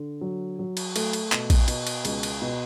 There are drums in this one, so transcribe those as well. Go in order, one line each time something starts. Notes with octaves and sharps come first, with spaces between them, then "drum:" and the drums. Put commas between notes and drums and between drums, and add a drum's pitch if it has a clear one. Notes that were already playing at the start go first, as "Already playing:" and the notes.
Already playing: D3
F#3
F#3
drum: cymbal
A3, drum: cymbal
drum: cymbal
B2, drum: clap
drum: kick A#1, cymbal
B2, drum: cymbal
drum: cymbal
C#2, drum: cymbal
drum: cymbal
B2